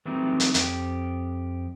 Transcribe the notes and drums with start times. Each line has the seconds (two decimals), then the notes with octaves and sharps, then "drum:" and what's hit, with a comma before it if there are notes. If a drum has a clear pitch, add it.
0.05 E3 F#3 G3 A3 C4 D#4
0.40 drum: hi-hat
0.54 F2 G4, drum: hi-hat